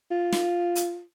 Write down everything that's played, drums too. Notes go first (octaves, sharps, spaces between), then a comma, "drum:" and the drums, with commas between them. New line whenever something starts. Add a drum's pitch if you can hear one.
F4
drum: snare
drum: hi-hat